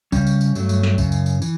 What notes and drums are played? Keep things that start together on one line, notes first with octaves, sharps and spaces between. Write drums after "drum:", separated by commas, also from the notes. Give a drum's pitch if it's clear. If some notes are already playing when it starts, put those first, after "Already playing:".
C#3 G3 C#4, drum: kick C2, tambourine
drum: tambourine
drum: tambourine
G2 F#3 A3, drum: tambourine
drum: tambourine
drum: snare
F#2 C#3, drum: kick C2, tambourine
drum: tambourine
drum: tambourine
E3, drum: tambourine